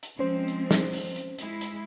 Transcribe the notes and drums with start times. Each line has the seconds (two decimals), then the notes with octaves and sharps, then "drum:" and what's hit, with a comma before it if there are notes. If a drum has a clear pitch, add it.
0.03 drum: hi-hat
0.19 F3 G#3 C4 C#4 C5
0.48 drum: hi-hat
0.71 drum: snare
0.93 drum: open hi-hat
1.16 drum: hi-hat
1.39 G#3 E4, drum: hi-hat
1.61 drum: hi-hat